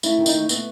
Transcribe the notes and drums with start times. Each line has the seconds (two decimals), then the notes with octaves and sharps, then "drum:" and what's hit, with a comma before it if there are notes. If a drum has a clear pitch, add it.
0.03 A3 E4, drum: tambourine
0.18 D#3
0.26 D#4, drum: tambourine
0.34 A3
0.49 A3 B3, drum: tambourine